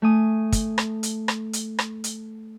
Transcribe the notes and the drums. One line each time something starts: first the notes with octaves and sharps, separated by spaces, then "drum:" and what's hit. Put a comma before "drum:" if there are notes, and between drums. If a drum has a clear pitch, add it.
A3 G#5 D#6
drum: kick, hi-hat
drum: rim click
drum: hi-hat
drum: rim click
drum: hi-hat
drum: rim click
drum: hi-hat